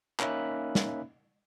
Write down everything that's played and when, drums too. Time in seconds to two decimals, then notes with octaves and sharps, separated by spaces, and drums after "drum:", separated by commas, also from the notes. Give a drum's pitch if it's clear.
0.20 A#3 C#4 D#4 E5 B5 F#6, drum: clap
0.75 drum: snare